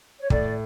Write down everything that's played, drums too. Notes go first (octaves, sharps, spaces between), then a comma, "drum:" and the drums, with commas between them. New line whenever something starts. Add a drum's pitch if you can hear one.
C#5
A2 D5, drum: kick